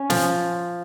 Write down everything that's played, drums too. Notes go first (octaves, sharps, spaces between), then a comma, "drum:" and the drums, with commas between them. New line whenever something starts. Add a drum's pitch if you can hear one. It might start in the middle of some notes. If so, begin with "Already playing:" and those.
Already playing: C#4
F3, drum: snare